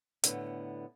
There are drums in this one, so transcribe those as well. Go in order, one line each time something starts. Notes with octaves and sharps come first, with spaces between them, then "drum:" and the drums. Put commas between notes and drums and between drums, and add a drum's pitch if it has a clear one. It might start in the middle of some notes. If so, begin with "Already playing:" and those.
A2 D3 B3, drum: hi-hat